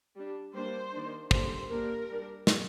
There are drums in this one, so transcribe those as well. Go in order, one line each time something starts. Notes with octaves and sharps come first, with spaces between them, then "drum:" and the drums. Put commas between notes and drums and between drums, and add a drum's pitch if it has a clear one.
G3 D4
G3 A#3 D4 C5
D#3 A#3 D4
D3 G3 A#3 C5, drum: kick
G3 A#3 D4 A#4
G3 D4
drum: snare